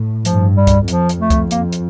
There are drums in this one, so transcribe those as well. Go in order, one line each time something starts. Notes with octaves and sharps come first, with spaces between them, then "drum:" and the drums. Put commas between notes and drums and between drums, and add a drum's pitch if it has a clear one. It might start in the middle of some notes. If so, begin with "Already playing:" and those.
Already playing: A2
G2 F3, drum: hi-hat
G3
drum: kick C2, hi-hat
F2 F3, drum: hi-hat
drum: hi-hat
A3
drum: kick C2, hi-hat
A#3, drum: hi-hat
drum: hi-hat